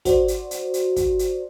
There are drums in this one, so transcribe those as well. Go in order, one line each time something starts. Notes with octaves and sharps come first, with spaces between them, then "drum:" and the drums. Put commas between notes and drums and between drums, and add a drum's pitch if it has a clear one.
F#4 C5 D5, drum: kick, hi-hat
drum: hi-hat
drum: hi-hat
drum: hi-hat
drum: kick, hi-hat
drum: hi-hat